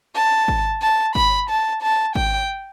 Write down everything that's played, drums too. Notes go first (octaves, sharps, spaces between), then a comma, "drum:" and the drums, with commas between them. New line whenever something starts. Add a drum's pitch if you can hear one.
A5
drum: kick G#1
A5
B5, drum: kick G#1
A5
A5
G5, drum: kick G#1